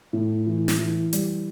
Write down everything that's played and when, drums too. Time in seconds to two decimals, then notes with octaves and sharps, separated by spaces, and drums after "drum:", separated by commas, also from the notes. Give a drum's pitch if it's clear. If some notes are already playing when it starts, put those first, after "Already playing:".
0.13 A2
0.46 E3
0.68 drum: snare
0.79 E3
1.13 G3, drum: hi-hat